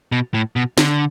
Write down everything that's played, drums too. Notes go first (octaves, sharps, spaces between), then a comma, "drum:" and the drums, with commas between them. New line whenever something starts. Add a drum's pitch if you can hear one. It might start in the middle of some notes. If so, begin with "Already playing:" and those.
B2
A2
B2
D3, drum: snare